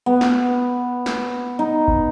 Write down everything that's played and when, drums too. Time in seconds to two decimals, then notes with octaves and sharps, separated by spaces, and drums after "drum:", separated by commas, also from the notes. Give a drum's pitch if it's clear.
0.06 B3
0.21 drum: snare
1.06 drum: snare
1.59 D#4
1.88 drum: kick G1